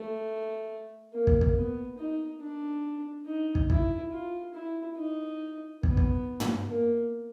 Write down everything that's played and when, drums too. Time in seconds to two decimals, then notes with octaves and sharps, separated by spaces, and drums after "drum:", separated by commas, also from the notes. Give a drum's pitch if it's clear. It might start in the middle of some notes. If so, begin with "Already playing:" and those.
Already playing: A3
1.13 A#3
1.27 drum: kick
1.41 drum: kick
1.56 B3
1.98 D#4
2.41 D4
3.26 D#4
3.55 drum: kick
3.70 E4, drum: kick
4.13 F4
4.54 E4
4.98 D#4
5.83 B3, drum: kick
5.97 drum: kick
6.40 drum: tom
6.69 A#3